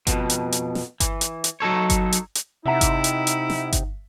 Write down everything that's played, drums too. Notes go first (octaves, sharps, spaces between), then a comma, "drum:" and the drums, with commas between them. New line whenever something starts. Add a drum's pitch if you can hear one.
F2 G#2 B2, drum: kick G1, hi-hat
drum: hi-hat
drum: hi-hat
drum: snare
E3, drum: kick G1, hi-hat
drum: hi-hat
drum: hi-hat
F#3 D#4 A4 C#5
drum: kick G1, hi-hat
drum: hi-hat
drum: hi-hat
C3 D#4 E4 E5 F#5 A#5
drum: kick G1, hi-hat
drum: hi-hat
drum: hi-hat
drum: snare
drum: kick G1, hi-hat